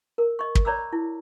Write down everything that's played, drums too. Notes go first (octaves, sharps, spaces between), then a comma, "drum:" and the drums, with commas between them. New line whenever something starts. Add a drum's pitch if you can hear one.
A#4
D#5 C#6
drum: kick
C#5 D5 A#5 B5 D6 E6
E4